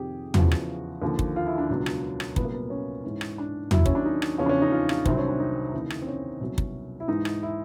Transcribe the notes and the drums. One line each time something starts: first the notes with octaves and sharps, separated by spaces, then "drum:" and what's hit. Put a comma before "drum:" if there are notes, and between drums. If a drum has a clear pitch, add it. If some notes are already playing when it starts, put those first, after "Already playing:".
Already playing: F2 C3 D#3 G4 G#4
E2 C#3 F3 F#4, drum: tom
drum: rim click
D#2 D3 F3
drum: kick
F4
E4
D4
C#2 B2 F#3
drum: rim click
drum: rim click
C2 A#2 F#3 B3, drum: kick
A#3
B3
C#4
G#2 E3
drum: rim click
D4
D#2 D#3 F#3 E4, drum: tom
C#4, drum: kick
D4
D#4
drum: rim click
E2 C#3 F3 C#4
D4
C#4
D#4
F4
F4, drum: rim click
C2 C3 D#3 F#3 C4, drum: kick
C#4
D4
D#4
D#2 C#3 E3
drum: rim click
C4
C#4
C2 B2 F#3
drum: kick
E4
G#2 E3 D#4
drum: rim click
E4